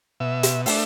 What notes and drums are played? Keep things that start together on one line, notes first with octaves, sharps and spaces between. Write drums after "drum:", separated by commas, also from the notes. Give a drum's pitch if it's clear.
B2 E5
drum: hi-hat
A3 D4 E5, drum: open hi-hat